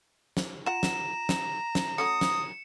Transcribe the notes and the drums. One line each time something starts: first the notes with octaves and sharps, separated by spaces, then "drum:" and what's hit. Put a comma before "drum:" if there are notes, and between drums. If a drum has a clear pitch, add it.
drum: snare
F4 F#5 A#5 E7
drum: snare
drum: snare
drum: snare
A3 C#4 F#4 D#6 C#7
drum: snare